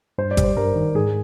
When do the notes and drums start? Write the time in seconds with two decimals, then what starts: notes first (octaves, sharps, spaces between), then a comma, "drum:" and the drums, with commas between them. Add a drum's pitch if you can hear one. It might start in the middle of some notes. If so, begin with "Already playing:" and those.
0.18 G2 C5
0.31 D5
0.37 G3, drum: kick G#1, hi-hat
0.44 C5
0.57 G2 A#4
0.76 D#3
0.95 G#2 G#4